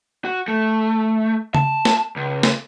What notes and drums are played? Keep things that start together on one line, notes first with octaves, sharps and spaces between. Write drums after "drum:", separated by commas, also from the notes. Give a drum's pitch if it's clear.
F#4
A3
A5, drum: tom
drum: snare
C#2
drum: snare